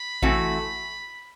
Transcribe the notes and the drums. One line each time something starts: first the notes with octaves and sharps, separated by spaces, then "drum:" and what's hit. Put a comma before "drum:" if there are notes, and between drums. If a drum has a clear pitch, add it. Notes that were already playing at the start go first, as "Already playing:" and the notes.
Already playing: B5
E3 A3 C4 F#4, drum: kick A1